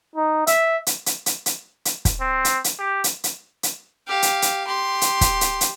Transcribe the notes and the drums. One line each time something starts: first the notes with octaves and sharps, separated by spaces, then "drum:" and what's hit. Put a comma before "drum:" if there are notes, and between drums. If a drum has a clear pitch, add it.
D#4
E5, drum: hi-hat
drum: hi-hat
drum: hi-hat
drum: hi-hat
drum: hi-hat
drum: hi-hat
drum: kick, hi-hat
C4
drum: hi-hat
drum: hi-hat
G4
drum: hi-hat
drum: hi-hat
drum: hi-hat
G4 F5
drum: hi-hat
drum: hi-hat
G4 C6
drum: hi-hat
drum: kick, hi-hat
drum: hi-hat
drum: hi-hat